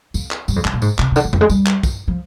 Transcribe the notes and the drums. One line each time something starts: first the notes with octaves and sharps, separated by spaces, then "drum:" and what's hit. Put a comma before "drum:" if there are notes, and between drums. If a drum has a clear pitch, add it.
F2, drum: tambourine
drum: clap
G2, drum: tambourine
F2
G2, drum: clap
A#2
G#2, drum: tambourine
C3, drum: clap
C3
D3, drum: tambourine
D#3
F3, drum: tom F2
G#3
G3, drum: tambourine
drum: clap
drum: kick, tambourine
F3